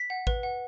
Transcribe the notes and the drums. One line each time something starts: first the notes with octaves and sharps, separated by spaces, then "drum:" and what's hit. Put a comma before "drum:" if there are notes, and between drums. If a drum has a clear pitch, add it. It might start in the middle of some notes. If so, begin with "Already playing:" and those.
Already playing: B6
F#5
B4, drum: kick
F#5